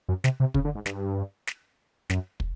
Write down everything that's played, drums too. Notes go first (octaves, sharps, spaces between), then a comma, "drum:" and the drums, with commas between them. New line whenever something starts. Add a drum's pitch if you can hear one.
F#2
C3, drum: snare
C3
C#3, drum: kick
D3
G#2
G2, drum: snare
drum: snare
F#2, drum: snare
drum: kick